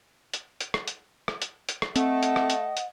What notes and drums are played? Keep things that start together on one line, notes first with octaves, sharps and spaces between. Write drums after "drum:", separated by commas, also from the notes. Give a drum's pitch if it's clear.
drum: hi-hat
drum: hi-hat
drum: rim click
drum: hi-hat
drum: rim click
drum: hi-hat
drum: hi-hat
drum: rim click
A3 C4 D#5 F#5, drum: hi-hat
drum: hi-hat
drum: rim click
drum: hi-hat
drum: hi-hat